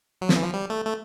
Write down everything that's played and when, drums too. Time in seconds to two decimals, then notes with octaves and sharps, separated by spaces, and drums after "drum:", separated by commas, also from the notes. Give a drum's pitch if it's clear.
0.21 F#3
0.29 F3, drum: snare
0.36 E3
0.44 F3
0.54 G3
0.70 A3
0.86 A3